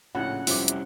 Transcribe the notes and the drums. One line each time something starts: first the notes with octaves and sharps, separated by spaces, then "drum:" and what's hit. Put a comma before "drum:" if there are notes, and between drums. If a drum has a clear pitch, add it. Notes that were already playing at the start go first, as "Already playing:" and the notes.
A#1 A2 C#3 F#4 A4 F#5
F2 C3 G3 C#4 E4 D6, drum: open hi-hat
drum: hi-hat